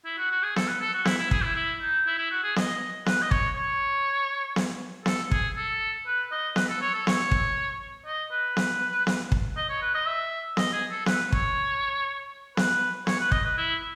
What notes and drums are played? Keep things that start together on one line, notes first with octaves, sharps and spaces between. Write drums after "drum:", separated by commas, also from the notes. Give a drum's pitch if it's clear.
E4
F#4
F#4
G#4
A4, drum: snare B3
B4
A4
F#4
E4, drum: snare B3
E4
G#4, drum: kick
E4
E4
D#4
E4
E4
F#4
G#4
D#5, drum: snare B3
B4, drum: snare B3
D#5
C#5, drum: kick
C#5
drum: snare B3
A4, drum: snare B3
G#4, drum: kick
A4
B4
D#5
B4, drum: snare B3
A4
C#5
A4
C#5, drum: snare B3
drum: kick
D#5
B4
drum: snare B3
drum: snare B3
drum: kick
D#5
C#5
B4
D#5
E5
D#5, drum: snare B3
G#4
A4
B4, drum: snare B3
C#5, drum: kick
B4, drum: snare B3
C#5, drum: snare B3
B4
D#5, drum: kick
B4
E4